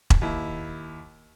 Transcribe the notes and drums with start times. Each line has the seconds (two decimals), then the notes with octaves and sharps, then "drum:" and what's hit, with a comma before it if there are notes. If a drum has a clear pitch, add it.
0.10 drum: kick E1
0.22 D#2 E4